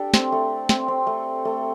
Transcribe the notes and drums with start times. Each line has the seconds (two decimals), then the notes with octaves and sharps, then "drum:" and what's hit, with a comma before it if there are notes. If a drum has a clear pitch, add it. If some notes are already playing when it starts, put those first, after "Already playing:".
Already playing: D4 G4 A4
0.14 C4, drum: snare
0.32 A3
0.69 C4, drum: snare
0.88 C4
1.07 A3
1.45 A3